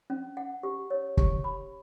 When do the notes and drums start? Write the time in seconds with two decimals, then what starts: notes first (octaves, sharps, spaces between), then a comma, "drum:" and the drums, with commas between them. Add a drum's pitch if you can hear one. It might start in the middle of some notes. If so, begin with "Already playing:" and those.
0.10 C#4
0.37 F#5
0.63 G4
0.90 C#5
1.17 G4, drum: kick
1.44 B5